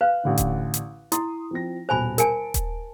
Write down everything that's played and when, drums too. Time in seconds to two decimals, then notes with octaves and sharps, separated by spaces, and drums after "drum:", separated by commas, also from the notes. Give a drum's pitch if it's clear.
0.01 B4 F5 F#6
0.24 A1 D3 E3
0.38 drum: kick D#1, hi-hat
0.74 drum: hi-hat
1.12 E4 C6 D#6, drum: hi-hat
1.51 F3 C4 A#6
1.89 D#1 B2 C5 G#5 A5 B5
2.18 A#4 G#5 A5 C#7 D7, drum: hi-hat
2.54 drum: kick D#1, hi-hat